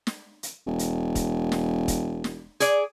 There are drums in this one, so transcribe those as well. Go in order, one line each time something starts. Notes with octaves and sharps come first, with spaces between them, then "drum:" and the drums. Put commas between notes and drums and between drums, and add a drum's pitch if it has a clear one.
drum: snare
drum: hi-hat
E1
drum: hi-hat
drum: kick, hi-hat
drum: snare
drum: kick, hi-hat
drum: snare
G#4 D5, drum: hi-hat